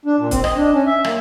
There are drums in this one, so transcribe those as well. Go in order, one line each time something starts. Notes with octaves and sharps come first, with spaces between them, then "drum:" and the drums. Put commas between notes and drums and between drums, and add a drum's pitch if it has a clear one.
D4
A#2
C4, drum: kick, hi-hat
D#5, drum: rim click
D4
C#4
E5
A#3, drum: rim click